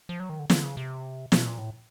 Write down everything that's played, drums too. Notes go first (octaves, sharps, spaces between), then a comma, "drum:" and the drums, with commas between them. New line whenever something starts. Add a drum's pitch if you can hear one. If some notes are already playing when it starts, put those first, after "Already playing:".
F3
F#3
D#3
D3
D3, drum: snare
C#3
C3
B2, drum: snare
A#2
A2